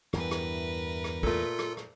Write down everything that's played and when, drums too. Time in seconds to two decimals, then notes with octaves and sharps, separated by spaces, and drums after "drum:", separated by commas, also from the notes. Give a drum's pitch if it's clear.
0.13 E2 G2 E3 A#4 B4, drum: rim click
0.31 drum: rim click
1.04 drum: rim click
1.23 A#2 A3 F4 A4, drum: kick
1.59 drum: rim click
1.77 drum: rim click